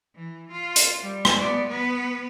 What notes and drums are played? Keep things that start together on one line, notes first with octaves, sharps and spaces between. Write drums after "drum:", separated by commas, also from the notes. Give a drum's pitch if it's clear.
E3
F4
drum: hi-hat
G3
drum: rim click
B3 D5
B3 B4